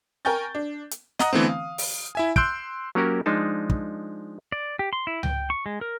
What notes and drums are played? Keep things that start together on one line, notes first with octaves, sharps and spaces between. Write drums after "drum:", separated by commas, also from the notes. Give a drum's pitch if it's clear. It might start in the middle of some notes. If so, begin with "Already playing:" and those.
A#4 G5 G#5 C#6 G6 A6
D4
drum: hi-hat
D#5 F#5 A#5 D#6, drum: snare
D3 E3 A3 B3 C4
F5
drum: open hi-hat
E4 E5 G#5
C6 E6 F#6 G6 D7, drum: kick
F#3 A#3 C#4 F#4 G4 A#4
F3 G#3 D4 D#4 A5
drum: kick
D5
G4
C6
E4
G5, drum: tom C#2
C#6
G#3
A#4